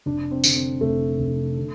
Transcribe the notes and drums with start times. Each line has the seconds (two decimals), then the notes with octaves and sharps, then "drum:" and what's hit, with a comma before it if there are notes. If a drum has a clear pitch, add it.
0.06 F1 D4
0.31 C4
0.44 D3, drum: tambourine
0.56 C4
0.81 F1 A3
1.19 F1
1.57 D3